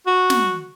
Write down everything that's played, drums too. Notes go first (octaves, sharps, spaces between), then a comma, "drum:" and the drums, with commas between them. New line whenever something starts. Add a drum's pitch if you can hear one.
F#4
drum: snare